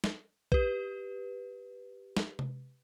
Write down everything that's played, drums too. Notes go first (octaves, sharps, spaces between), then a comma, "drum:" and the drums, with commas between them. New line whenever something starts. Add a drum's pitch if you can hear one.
drum: snare
G4 B4, drum: kick A#1
drum: snare
drum: tom C3